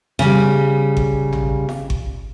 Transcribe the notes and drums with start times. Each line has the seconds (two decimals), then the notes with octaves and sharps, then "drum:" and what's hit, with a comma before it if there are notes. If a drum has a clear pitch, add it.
0.19 C#3 G3
0.97 drum: kick G1
1.33 drum: tom
1.69 drum: snare F4
1.90 drum: kick G1